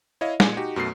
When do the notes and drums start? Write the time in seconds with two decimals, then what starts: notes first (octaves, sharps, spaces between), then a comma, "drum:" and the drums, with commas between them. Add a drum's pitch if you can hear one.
0.21 E4 C#5 D#5 F5
0.40 A#2 G#3 G#5 C#7, drum: snare
0.57 D#4 F#4 G4
0.76 F#2 B2 A3 C7